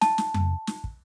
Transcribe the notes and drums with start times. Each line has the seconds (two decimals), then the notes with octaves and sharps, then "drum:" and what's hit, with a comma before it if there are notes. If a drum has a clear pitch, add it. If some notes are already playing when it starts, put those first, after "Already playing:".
0.01 A5, drum: snare
0.18 drum: snare
0.34 drum: tom F2
0.67 drum: snare
0.84 drum: kick